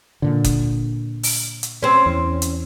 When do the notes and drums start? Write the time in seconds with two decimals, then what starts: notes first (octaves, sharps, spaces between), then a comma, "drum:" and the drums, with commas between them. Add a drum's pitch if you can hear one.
0.22 A#2 D3
0.44 drum: kick F#1, hi-hat
1.23 drum: open hi-hat
1.63 drum: hi-hat
1.83 C4 C#4
2.06 E2
2.42 drum: hi-hat